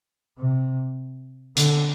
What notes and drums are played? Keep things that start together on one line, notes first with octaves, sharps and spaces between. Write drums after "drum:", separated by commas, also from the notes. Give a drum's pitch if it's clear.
C3
D3, drum: hi-hat